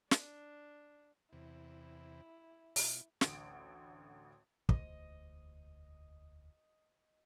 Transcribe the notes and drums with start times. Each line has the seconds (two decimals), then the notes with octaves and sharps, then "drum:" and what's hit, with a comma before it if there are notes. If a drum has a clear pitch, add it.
0.11 D4, drum: snare
1.33 E2 C3 E4
2.76 B2 F4, drum: open hi-hat
3.21 A1 D2 D7, drum: snare
4.69 E1 D2 D#5, drum: kick